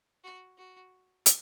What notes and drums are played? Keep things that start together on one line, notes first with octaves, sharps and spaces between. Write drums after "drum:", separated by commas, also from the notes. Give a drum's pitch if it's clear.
F#4
F#4
drum: hi-hat